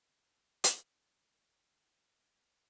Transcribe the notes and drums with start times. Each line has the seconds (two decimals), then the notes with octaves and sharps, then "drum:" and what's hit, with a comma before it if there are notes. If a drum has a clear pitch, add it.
0.26 G#2 D3 F#3 A#3 C4 D#4 C5 C#5
0.64 drum: hi-hat